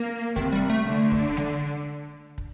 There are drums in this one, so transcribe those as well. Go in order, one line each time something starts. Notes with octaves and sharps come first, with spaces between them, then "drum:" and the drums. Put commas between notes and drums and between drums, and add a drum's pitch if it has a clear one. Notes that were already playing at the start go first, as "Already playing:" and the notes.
Already playing: A#3
C3 D#3, drum: kick
G3
A3
D3
drum: kick
drum: snare G#3
drum: kick